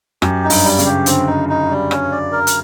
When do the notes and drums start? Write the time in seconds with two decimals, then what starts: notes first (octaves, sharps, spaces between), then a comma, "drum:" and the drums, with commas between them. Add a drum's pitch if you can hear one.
0.22 F#2 G4, drum: rim click
0.44 D#4
0.50 G2, drum: open hi-hat
0.64 G3
0.79 C#3, drum: hi-hat
0.85 G4
1.06 D3 C4, drum: hi-hat
1.27 D#4
1.49 D#4
1.70 G3
1.91 C#4, drum: rim click
2.12 D5
2.32 A#4
2.47 drum: hi-hat